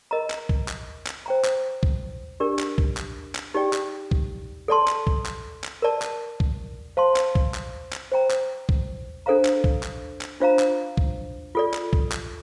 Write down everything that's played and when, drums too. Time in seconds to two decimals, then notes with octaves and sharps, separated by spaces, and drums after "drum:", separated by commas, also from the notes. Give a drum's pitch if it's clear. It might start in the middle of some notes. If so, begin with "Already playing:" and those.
0.11 A#4 D#5 A#5
0.30 drum: clap
0.49 drum: kick B1
0.68 drum: clap
1.07 drum: clap
1.26 C5 G5 A#5
1.45 drum: clap
1.83 drum: kick B1
2.40 D4 G4 A#4 D5
2.59 drum: clap
2.78 drum: kick B1
2.97 drum: clap
3.35 drum: clap
3.54 D#4 G4 D5 G5
3.73 drum: clap
4.11 drum: kick B1
4.68 A4 D5 A5 C6
4.88 drum: clap
5.07 drum: kick B1
5.26 drum: clap
5.64 drum: clap
5.82 A#4 D5 A5
6.02 drum: clap
6.40 drum: kick B1
6.97 C5 F5 A5 C6
7.16 drum: clap
7.35 drum: kick B1
7.54 drum: clap
7.93 drum: clap
8.12 C5 G5 A#5
8.31 drum: clap
8.69 drum: kick B1
9.26 D4 A4 C5 F5 A#5
9.45 drum: clap
9.64 drum: kick B1
9.83 drum: clap
10.21 drum: clap
10.40 D4 F4 C5 F5 A#5
10.59 drum: clap
10.97 drum: kick B1
11.55 F4 A4 D5
11.74 drum: clap
11.93 drum: kick B1
12.12 drum: clap